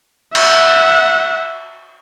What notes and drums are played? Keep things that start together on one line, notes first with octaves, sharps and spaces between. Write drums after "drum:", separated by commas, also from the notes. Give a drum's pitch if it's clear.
E5 F#5, drum: cymbal